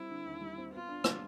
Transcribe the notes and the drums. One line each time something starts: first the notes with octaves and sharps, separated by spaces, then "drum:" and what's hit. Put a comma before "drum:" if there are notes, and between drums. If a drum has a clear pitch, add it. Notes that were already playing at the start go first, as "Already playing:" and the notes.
Already playing: G3 C4 E4
D3
D#2
G3
C4
B3 F4
D4
G3, drum: rim click